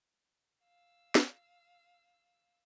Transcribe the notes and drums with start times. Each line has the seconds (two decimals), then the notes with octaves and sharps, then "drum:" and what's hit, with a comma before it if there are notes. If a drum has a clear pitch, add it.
0.63 F5 E6
1.15 drum: snare